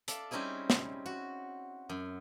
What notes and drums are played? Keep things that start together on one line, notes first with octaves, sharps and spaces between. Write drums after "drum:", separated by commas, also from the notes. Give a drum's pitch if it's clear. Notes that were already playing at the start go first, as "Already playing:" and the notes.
A4 D5 E5 F5, drum: hi-hat
G3 C4 C#4 D#4 E4 G#4
drum: snare
F#4
F#2